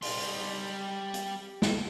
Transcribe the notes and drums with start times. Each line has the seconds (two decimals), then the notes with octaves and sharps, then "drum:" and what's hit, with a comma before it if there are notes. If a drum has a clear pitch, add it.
0.02 G3 C6, drum: open hi-hat
1.14 drum: hi-hat
1.62 drum: snare